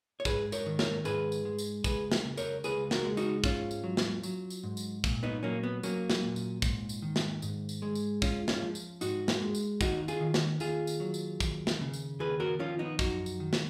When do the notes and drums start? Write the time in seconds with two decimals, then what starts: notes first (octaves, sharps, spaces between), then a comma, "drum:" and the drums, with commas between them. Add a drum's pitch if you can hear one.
0.20 C#5
0.25 G#2 G#4 B4, drum: kick, tambourine
0.52 A#4 C#5, drum: tambourine
0.66 D#3
0.79 A#4 C#5, drum: snare
1.05 G#2 G#4 B4, drum: tambourine
1.32 drum: tambourine
1.45 G#3
1.58 drum: tambourine
1.84 C#2 G#4 B4, drum: kick, tambourine
2.12 drum: snare
2.25 C#3
2.37 A#4 C#5, drum: tambourine
2.64 C#2 G#4 B4, drum: tambourine
2.91 F#4 A#4, drum: snare
3.05 G#3
3.17 D#4 F#4, drum: tambourine
3.44 G#2 C#4 F4, drum: kick, tambourine
3.71 drum: tambourine
3.83 F#3
3.97 drum: snare
4.23 F#3, drum: tambourine
4.50 drum: tambourine
4.63 G#2
4.77 drum: tambourine
5.04 A#2, drum: kick, tambourine
5.23 B3 D#4
5.43 F#3 A#3 C#4
5.63 B3
5.83 F#3 A#3 C#4, drum: tambourine
6.10 drum: snare
6.23 A#2
6.36 drum: tambourine
6.62 G#2, drum: kick, tambourine
6.89 drum: tambourine
7.02 D#3
7.16 drum: snare
7.42 G#2, drum: tambourine
7.69 drum: tambourine
7.82 G#3
7.95 drum: tambourine
8.22 G#2 C#4 F4, drum: kick, tambourine
8.48 C#4 F4, drum: snare
8.62 F3
8.75 drum: tambourine
9.01 G#2 D#4 F#4, drum: tambourine
9.28 drum: snare
9.42 G#3
9.55 drum: tambourine
9.81 D#2 D#4 F#4, drum: kick, tambourine
10.08 F4 G#4, drum: tambourine
10.21 D#3
10.34 drum: snare
10.60 D#2 F4 G#4, drum: tambourine
10.87 drum: tambourine
11.00 F#3
11.14 drum: tambourine
11.40 D#2, drum: kick, tambourine
11.67 drum: snare
11.81 C#3
11.93 drum: tambourine
12.19 D#2 G#4 B4
12.40 F#4 A#4
12.59 F3 C#4 F4
12.79 B3 D#4
12.99 F#2 D#4 F#4, drum: kick, tambourine
13.26 drum: tambourine
13.40 D#3
13.53 drum: snare